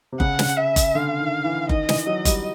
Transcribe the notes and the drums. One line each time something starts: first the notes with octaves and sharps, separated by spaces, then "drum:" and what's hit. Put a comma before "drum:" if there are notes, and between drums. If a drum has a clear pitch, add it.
C3
C#3 F#5, drum: kick F#1
drum: snare
E5
drum: kick F#1, hi-hat
D3 F5
D#3
E3
D#3 D#5, drum: kick F#1
E3, drum: snare
F#3
G3, drum: kick F#1, hi-hat